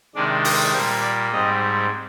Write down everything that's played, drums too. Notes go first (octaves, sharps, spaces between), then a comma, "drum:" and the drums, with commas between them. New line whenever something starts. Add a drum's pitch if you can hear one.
C3 D#3 G#3 D4 D5
C5, drum: open hi-hat
A#2 G3 A#3 C5
D5
G#2 G3 C4 D#5